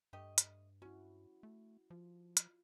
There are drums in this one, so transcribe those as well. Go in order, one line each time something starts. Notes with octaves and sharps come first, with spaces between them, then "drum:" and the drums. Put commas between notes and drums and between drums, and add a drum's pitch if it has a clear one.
G2 A3 G4 D#5
drum: hi-hat
C#4 E4 F#4
A3
F3 F4
drum: hi-hat